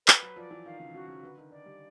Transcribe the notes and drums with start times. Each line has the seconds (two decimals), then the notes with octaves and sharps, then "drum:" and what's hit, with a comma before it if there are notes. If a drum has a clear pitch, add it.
0.08 B4, drum: clap
0.22 F#3
0.36 F3 D5
0.51 E3
0.65 D#3 F5
0.80 C#3
0.94 C#3 F#4
1.08 C#3
1.23 D3 B4
1.37 D#3
1.51 D#3 D5
1.66 G3